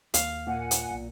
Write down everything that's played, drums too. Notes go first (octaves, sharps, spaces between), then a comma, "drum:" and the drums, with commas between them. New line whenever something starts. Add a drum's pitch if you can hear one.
D#2 A#3 F5, drum: hi-hat
A#2 F#5 G#5
drum: hi-hat
E1 B1